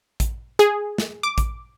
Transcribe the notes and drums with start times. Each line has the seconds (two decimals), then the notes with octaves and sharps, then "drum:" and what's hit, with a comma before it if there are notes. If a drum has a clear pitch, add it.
0.20 drum: kick A1, hi-hat
0.59 G#4, drum: hi-hat
0.98 drum: snare
1.23 D6
1.38 drum: kick A1, hi-hat